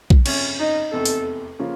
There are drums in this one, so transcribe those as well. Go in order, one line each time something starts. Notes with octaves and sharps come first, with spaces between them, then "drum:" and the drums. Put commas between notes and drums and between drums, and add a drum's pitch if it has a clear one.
drum: kick A#1
G1 F2 C#3 C#4, drum: cymbal
D#4
F1 E2 C3 A4
drum: open hi-hat
C#3 F3 A#3 C#4 F4